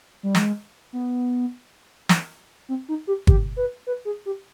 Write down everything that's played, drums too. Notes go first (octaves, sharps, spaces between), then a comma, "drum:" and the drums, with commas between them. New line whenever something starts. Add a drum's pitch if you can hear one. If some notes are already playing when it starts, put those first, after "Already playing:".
G3
G#3, drum: snare
B3
drum: snare
C4
D#4
G4
G4, drum: kick
B4
B4
G#4
G4